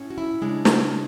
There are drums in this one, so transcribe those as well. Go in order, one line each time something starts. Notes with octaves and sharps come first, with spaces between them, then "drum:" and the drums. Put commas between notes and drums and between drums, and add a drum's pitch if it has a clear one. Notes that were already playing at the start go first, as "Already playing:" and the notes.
Already playing: A2 C#4
F#4
E4
C#3 G#3 D4
drum: snare